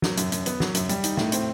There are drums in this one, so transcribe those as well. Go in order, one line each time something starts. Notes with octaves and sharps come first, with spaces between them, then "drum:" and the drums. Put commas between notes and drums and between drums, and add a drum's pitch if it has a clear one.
F#3, drum: snare
F#2, drum: hi-hat
F#2, drum: hi-hat
B3, drum: hi-hat
F#3, drum: snare
F#2, drum: hi-hat
G3, drum: hi-hat
D#4, drum: hi-hat
A2, drum: snare
C4, drum: hi-hat